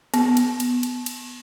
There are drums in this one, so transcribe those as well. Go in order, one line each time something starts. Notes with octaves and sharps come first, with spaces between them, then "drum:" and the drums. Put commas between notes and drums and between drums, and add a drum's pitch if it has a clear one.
B3, drum: cymbal
drum: cymbal
drum: cymbal
drum: cymbal
drum: cymbal